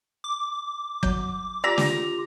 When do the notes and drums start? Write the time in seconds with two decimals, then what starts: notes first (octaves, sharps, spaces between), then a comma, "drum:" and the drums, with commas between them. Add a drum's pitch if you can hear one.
0.24 D6
1.03 G1 F#3 G6, drum: kick
1.64 F4 G4 D5 A#5 E6 B6
1.78 drum: snare